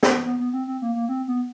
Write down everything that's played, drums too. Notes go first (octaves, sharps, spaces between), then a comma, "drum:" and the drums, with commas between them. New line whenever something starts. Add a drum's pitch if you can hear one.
C4, drum: snare
B3
B3
B3
C4
C4
A#3
A#3
C4
B3